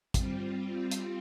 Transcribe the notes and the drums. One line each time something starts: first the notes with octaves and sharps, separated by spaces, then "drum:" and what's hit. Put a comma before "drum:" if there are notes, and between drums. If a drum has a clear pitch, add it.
G3 C4 F4, drum: kick, hi-hat
drum: hi-hat